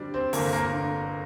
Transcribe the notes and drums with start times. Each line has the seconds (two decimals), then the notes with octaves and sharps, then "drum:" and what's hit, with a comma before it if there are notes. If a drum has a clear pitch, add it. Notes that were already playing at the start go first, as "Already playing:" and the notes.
Already playing: D3 G3 C4 D4 D5
0.14 C4 C5
0.33 G1 A#3 A#4, drum: open hi-hat
0.53 A#3 A#4
0.72 D3